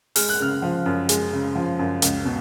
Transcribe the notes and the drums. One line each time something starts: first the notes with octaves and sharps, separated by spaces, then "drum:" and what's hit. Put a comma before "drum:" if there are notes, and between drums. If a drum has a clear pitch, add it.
G#3 F6, drum: open hi-hat
F#6
C#3 F6
F3
F#2
G#3, drum: hi-hat
C#3
F3
F#2
C#2, drum: hi-hat
B2